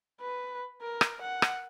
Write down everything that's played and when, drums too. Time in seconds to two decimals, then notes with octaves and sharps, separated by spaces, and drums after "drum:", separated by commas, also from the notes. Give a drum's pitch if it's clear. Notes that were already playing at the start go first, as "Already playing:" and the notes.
0.21 B4
0.82 A#4
1.01 drum: rim click
1.22 F#5
1.42 drum: rim click